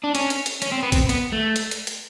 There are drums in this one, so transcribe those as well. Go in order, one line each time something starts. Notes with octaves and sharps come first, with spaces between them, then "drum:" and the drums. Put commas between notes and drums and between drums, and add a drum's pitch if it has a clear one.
D4
C#4, drum: hi-hat
drum: hi-hat
drum: hi-hat
C#4, drum: hi-hat
C4
B3
C4, drum: kick, hi-hat
B3, drum: hi-hat
A3
drum: hi-hat
drum: hi-hat
drum: hi-hat